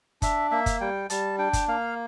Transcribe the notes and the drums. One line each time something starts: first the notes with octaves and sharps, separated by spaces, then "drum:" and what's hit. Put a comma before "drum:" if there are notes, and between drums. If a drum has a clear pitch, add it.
D4 E5, drum: kick F#1, hi-hat
A#3 E5
drum: kick F#1, hi-hat
G3 G5
G3 A5, drum: hi-hat
D4 G5
drum: kick F#1, hi-hat
A#3 F5